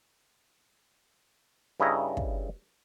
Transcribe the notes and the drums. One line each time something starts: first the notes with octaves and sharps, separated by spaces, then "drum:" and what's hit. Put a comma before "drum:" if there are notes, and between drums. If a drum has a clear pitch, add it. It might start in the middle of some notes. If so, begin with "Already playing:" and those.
G2 C#3 E4 A4 D#5 A#5
drum: kick